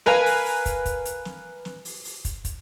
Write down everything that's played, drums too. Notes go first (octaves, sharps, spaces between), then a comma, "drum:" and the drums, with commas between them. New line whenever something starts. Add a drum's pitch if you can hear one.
A#4 B4 F5 G#5 A#5, drum: snare
drum: open hi-hat
drum: open hi-hat
drum: kick, hi-hat
drum: kick, hi-hat
drum: hi-hat
drum: snare
drum: snare
drum: open hi-hat
drum: open hi-hat
drum: kick, hi-hat
drum: kick, hi-hat